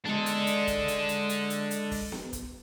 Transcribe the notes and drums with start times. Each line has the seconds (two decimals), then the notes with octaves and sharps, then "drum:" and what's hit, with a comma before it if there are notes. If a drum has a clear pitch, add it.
0.05 G#3 D4 A4, drum: snare B3
0.26 drum: hi-hat
0.47 drum: hi-hat
0.67 drum: kick, hi-hat
0.88 drum: hi-hat
1.09 drum: hi-hat
1.29 drum: hi-hat
1.50 drum: hi-hat
1.71 drum: hi-hat
1.91 drum: kick, open hi-hat
2.12 drum: snare B3
2.33 drum: kick, hi-hat